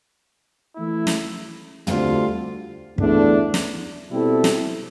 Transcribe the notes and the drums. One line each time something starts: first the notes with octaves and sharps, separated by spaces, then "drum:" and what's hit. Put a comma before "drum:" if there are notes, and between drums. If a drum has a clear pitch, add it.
E3 A3 E4
drum: snare
D2 D3 G3 C4 F4, drum: tom
E2 D3 A3 D4, drum: kick
drum: snare
B2 G3 C4 E4 A4
drum: snare